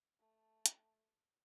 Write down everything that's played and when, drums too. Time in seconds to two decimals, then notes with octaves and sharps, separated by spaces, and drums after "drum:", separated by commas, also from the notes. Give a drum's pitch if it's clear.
0.20 A3 A5
0.66 drum: hi-hat